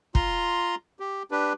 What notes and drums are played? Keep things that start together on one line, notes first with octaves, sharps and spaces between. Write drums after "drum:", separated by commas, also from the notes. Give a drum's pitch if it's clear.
F4 A#5 C6, drum: kick
G4
D4 G4 B4